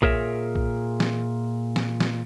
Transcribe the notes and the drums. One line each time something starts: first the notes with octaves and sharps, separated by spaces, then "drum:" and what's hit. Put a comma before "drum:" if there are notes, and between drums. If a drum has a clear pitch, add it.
A#2 G#4 A#4 C#5 E5, drum: kick
drum: kick
drum: snare
drum: snare
drum: snare